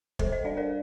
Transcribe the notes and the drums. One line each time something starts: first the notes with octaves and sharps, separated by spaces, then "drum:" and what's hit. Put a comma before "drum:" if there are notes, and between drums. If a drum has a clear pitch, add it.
G3 A4 C5, drum: kick
C5 D#5
D4 D5 F5
A#4 D5